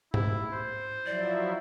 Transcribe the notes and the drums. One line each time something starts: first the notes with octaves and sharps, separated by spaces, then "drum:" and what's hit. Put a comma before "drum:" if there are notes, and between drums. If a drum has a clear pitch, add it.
E4, drum: tom
C5
F3 F#3 E4 D5